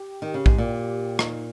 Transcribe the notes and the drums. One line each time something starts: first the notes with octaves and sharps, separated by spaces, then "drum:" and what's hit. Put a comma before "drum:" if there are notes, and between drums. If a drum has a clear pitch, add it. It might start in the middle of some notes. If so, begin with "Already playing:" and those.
Already playing: G4
D#3
C#3
G#2, drum: kick A#1
A#2
D#4, drum: rim click